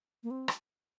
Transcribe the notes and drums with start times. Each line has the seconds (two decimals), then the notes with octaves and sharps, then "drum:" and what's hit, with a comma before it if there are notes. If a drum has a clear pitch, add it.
0.23 A#3
0.31 C4
0.48 drum: rim click